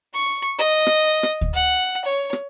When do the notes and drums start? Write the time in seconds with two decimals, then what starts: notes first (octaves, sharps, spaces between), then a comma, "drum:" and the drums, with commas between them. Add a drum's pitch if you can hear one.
0.13 C#6
0.58 D#5
0.86 drum: rim click
1.23 drum: rim click
1.41 drum: kick D2
1.53 F#5
2.04 C#5
2.33 drum: rim click